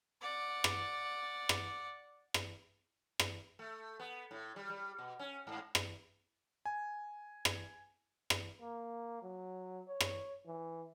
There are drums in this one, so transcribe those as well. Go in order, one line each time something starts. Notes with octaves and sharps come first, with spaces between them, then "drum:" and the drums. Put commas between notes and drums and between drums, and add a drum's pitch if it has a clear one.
D5 F#5
drum: rim click
drum: rim click
drum: rim click
drum: rim click
A3
B3
A2
G3
G3
B2
C#4
G#2
drum: rim click
G#5
drum: rim click
drum: rim click
A#3
F#3
C#5
drum: rim click
E3